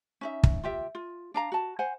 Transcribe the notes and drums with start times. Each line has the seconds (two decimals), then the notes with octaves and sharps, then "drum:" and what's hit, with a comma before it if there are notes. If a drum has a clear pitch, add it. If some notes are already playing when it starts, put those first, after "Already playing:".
0.21 C#4 D#4 E5
0.43 drum: kick
0.63 F4 G4 E5
0.95 F4
1.34 D4 F5 A#5
1.52 F#4 A5
1.79 C5 F#5 G#5